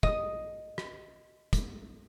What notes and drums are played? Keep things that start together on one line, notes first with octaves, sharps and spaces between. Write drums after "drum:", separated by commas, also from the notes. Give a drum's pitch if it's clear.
D#5 D#6, drum: kick
drum: rim click
drum: kick, hi-hat